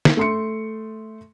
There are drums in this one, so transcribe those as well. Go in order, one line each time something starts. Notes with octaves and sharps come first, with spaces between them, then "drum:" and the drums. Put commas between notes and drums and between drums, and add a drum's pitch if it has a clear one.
drum: snare
A3 C6 C#7